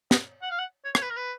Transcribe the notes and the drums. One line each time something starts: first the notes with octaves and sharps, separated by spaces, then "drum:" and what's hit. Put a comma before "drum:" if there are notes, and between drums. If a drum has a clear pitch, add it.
D#5, drum: snare
F#5
F5
F#5
C#5
C#5, drum: rim click
B4
A#4
B4